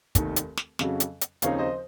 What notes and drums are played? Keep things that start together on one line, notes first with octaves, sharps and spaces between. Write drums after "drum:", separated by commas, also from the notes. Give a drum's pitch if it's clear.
F1 D#2 D#3, drum: kick, hi-hat
drum: hi-hat
drum: snare
F2 C#3 F#3, drum: snare
drum: hi-hat
drum: hi-hat
D#2 C#3 F3 C4 D#4 C#5 F5, drum: hi-hat
C5 D#5